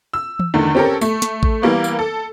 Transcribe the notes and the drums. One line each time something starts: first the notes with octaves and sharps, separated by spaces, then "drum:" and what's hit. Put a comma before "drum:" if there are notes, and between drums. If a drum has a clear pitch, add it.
E6
drum: tom E3
E2 D3 D#3 A3
C4 C#4 G4 A4 A#4
A3, drum: tambourine
drum: snare
drum: kick A1
E3 G3 A#3 B3
drum: tambourine
A4